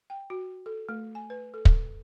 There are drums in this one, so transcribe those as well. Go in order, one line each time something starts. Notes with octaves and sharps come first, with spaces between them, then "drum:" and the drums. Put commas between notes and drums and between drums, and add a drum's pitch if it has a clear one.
G5
F#4
A4
A3
G#5
B4
A4
drum: kick